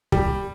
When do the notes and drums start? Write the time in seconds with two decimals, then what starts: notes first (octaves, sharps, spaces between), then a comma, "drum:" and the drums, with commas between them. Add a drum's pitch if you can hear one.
0.12 G3, drum: kick